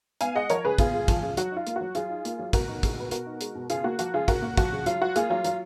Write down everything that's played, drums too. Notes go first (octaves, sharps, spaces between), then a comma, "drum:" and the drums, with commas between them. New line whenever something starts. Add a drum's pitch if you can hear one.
B3 F5 G#5, drum: hi-hat
G#3 D#5 F#5
F3 A#4 C#5, drum: hi-hat
C#3 G#4 B4
B3 F4 G#4, drum: kick, hi-hat
G#3
F3, drum: kick, hi-hat
C#3
F#3 F#4, drum: hi-hat
D#4 F4
A#3, drum: hi-hat
F#4
F#3
F#3 F4 G#4, drum: hi-hat
D#4
A#3, drum: hi-hat
F#3
B2 F#4 A#4, drum: kick, hi-hat
D#4
G#3, drum: kick, hi-hat
B2 B4
B2 F#4 A#4, drum: hi-hat
D#4
G#3, drum: hi-hat
B2
C#3 F4 G#4, drum: hi-hat
A#3 F#4
F3 F#4, drum: hi-hat
C#3 F4 G#4
C#3 F#4 A#4, drum: kick, hi-hat
A#3
F3 F#4, drum: kick, hi-hat
C#3
F#3 F4, drum: hi-hat
F4 F#4
A#3 F4 G#4, drum: hi-hat
F#3 F4
F#3, drum: hi-hat